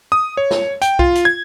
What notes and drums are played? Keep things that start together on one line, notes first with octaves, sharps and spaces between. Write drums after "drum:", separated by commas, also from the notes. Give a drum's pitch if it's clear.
D#6
C#5
drum: snare
G5, drum: hi-hat
F4, drum: kick
drum: hi-hat
G#6